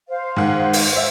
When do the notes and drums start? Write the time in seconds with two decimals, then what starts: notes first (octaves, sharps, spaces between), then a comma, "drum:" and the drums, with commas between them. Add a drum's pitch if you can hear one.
0.09 C5 F5
0.36 G#2 D#3 F#5
0.73 drum: open hi-hat
0.96 E5